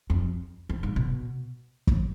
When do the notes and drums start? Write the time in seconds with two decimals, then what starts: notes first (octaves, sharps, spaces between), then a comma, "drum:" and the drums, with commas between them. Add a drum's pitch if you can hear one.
0.10 F2
0.69 F2
0.83 G#2
0.96 B2
1.87 drum: kick